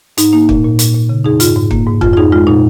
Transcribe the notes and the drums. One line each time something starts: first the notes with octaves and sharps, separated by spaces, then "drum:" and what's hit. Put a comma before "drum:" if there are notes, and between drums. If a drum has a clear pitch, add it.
G#2 D#4, drum: hi-hat
A#3 D#4
A#2, drum: kick
A#2
A#2, drum: hi-hat
A#2
C#3
F2 D#4 G#4
G#2 F4, drum: hi-hat
G#2
A#3, drum: kick
G#2
F2 F4, drum: kick
F4
F2 D#4 G#4
G#3 F4
A#2 D#4